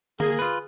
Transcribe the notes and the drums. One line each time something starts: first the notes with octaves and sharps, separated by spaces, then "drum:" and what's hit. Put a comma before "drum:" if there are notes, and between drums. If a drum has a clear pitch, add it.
A#3 G#4, drum: tom D3
F4 B4, drum: tambourine